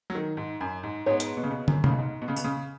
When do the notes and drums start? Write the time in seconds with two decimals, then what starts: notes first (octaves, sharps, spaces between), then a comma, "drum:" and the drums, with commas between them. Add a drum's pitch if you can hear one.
0.10 F#3
0.15 D#3
0.37 G#2
0.61 F#2
0.83 G#2
1.06 G#2 B3 G#4 C#5
1.20 drum: hi-hat
1.37 B2
1.43 C#3
1.51 B2
1.68 F#2, drum: tom
1.84 C#3, drum: tom C3
1.90 B2
1.98 G#2
2.22 B2
2.28 C#3
2.36 B2, drum: tambourine
2.44 C#3